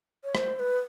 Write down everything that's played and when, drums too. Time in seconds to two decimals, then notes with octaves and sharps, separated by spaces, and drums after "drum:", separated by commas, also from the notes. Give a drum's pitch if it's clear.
0.24 C#5
0.35 C5, drum: rim click
0.56 C5
0.60 B4